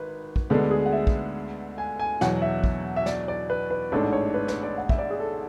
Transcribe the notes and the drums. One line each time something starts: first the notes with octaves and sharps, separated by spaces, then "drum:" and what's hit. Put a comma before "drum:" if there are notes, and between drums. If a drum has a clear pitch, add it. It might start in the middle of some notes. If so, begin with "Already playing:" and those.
Already playing: G#1 B4
drum: kick
D2 D3 G#3 B3 D4 A4
G#4
F#5
E5
drum: kick
G#5
G#5
E2 B2 F#3 F#5, drum: snare
E5
drum: kick
E5
D5, drum: snare
D5
B4
B4
A1 G#2 G#3 D4 A4
C#5
B4
B4, drum: snare
D5
F#5
E5, drum: kick
D5
G#4
A4